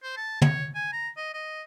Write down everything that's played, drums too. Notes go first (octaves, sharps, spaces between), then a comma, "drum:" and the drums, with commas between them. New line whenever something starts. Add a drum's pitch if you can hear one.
C5
A5
C#5, drum: tom
G#5
A#5
D#5
D#5